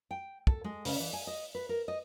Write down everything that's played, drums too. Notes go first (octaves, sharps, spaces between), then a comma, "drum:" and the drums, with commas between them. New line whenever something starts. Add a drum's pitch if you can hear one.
G5
A4, drum: kick
G#3
C#3, drum: open hi-hat
E3
G#5
D#5
B4
A#4
D#5